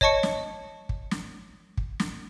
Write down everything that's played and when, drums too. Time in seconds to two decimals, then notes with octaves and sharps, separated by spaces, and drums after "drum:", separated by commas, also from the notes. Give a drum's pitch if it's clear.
0.01 C#5 D#5 A5 C#6 C#7, drum: kick
0.23 drum: snare
0.89 drum: kick
1.11 drum: snare
1.77 drum: kick
2.00 drum: snare